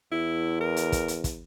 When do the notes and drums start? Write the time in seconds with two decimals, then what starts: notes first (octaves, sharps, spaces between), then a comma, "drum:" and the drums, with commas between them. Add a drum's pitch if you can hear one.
0.12 E2 E4
0.61 A#4
0.76 drum: hi-hat
0.92 drum: kick, hi-hat
1.08 drum: hi-hat
1.24 drum: kick, hi-hat